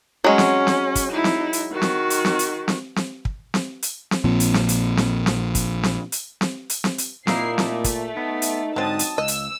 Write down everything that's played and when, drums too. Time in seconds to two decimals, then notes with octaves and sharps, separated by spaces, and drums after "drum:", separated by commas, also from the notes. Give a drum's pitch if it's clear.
0.24 F#3 G#3 C#4
0.38 drum: snare C4
0.67 drum: snare C4
0.95 drum: kick, hi-hat
1.12 D#4 E4
1.24 drum: snare C4
1.53 drum: hi-hat
1.71 D#3 F#4
1.82 drum: snare C4
2.10 drum: hi-hat
2.25 drum: snare C4
2.39 drum: hi-hat
2.68 drum: snare C4
2.96 drum: snare C4
3.25 drum: kick
3.54 drum: snare C4
3.82 drum: hi-hat
4.11 drum: snare C4
4.24 A#1 A#2 F3 C4
4.40 drum: hi-hat
4.54 drum: snare C4
4.69 drum: hi-hat
4.97 drum: snare C4
5.26 drum: snare C4
5.55 drum: kick, hi-hat
5.83 drum: snare C4
6.12 drum: hi-hat
6.41 drum: snare C4
6.70 drum: hi-hat
6.84 drum: snare C4
6.98 drum: hi-hat
7.27 A#2 A#3 D#4 E4 C7, drum: snare C4
7.58 A3, drum: snare C4
7.84 drum: kick, hi-hat
8.17 B3 D#4
8.42 drum: hi-hat
8.76 G#2 D3 F#3 C4 A5 D#6
8.99 drum: hi-hat
9.18 C#2 D#5 E6
9.28 drum: hi-hat